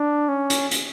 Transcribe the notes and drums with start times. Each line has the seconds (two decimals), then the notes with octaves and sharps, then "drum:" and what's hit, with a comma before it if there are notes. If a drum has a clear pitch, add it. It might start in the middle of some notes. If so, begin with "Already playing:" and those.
Already playing: D4
0.29 C#4
0.50 drum: hi-hat
0.71 drum: hi-hat